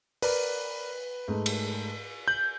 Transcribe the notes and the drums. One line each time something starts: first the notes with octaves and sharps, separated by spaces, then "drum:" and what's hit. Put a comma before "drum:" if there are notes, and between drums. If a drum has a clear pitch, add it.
A#4 B4 D5 B5, drum: open hi-hat
G#2 A3
drum: cymbal
G6 F#7